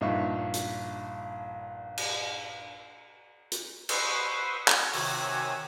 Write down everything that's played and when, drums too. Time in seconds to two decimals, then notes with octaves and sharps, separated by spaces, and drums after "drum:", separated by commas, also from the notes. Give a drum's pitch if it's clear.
0.01 A#1 G2 D#4 F4 E5 C#6
0.54 drum: hi-hat
1.98 drum: cymbal
3.52 drum: hi-hat
3.89 B4 C5 C6 C#6 D#6 E6, drum: cymbal
4.68 drum: clap
4.93 C3 D#3 F#4 C#5 G#5 E6, drum: open hi-hat